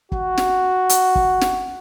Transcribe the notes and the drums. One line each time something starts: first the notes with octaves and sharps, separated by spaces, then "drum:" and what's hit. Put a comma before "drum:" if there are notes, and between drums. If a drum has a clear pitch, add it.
F#4, drum: kick
drum: snare
drum: hi-hat
drum: kick
drum: snare